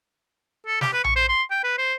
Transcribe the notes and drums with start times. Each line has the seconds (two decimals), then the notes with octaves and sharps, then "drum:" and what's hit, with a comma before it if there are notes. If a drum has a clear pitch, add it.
0.67 A4
0.81 G4, drum: snare
0.93 B4
1.04 C#6, drum: tom A#1
1.16 C5
1.29 C6
1.51 G5
1.64 B4
1.78 C5